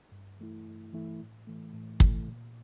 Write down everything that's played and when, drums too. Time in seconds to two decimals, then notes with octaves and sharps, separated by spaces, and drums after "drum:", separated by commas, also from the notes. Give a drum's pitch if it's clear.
0.12 G2
0.39 E3 A3 E4
0.67 G2
0.93 E3 A3 E4
1.20 A2
1.47 E3 A3
1.73 A2
2.00 E3 A3, drum: kick
2.27 A#2